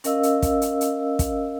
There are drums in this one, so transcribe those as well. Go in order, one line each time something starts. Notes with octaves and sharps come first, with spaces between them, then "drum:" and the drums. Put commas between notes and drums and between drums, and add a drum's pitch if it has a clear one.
C#4 A#4 D#5 F5 E6, drum: hi-hat
drum: hi-hat
drum: kick, hi-hat
drum: hi-hat
drum: hi-hat
drum: kick, hi-hat